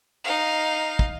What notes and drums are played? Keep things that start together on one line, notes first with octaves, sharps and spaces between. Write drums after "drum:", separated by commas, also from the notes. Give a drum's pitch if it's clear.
D#4 F5
drum: kick